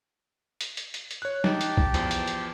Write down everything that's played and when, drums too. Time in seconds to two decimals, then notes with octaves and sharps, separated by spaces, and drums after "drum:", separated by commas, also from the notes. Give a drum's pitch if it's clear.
0.61 drum: hi-hat
0.77 drum: hi-hat
0.94 drum: hi-hat
1.11 drum: hi-hat
1.22 C#5 F#6
1.44 D#4 G4 G5 A5, drum: snare
1.61 drum: hi-hat
1.77 drum: kick A#1
1.94 E2 F3, drum: hi-hat
2.11 drum: hi-hat
2.28 drum: hi-hat